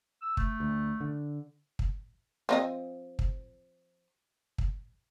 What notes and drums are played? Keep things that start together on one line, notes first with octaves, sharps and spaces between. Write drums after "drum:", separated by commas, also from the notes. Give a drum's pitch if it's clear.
E6
A3, drum: kick
D2
D3
drum: kick
F3 C4 D#5
drum: kick
drum: kick